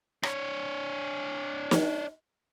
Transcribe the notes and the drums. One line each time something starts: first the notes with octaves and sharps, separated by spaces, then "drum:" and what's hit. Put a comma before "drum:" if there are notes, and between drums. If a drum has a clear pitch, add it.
D4 C#5, drum: rim click
drum: snare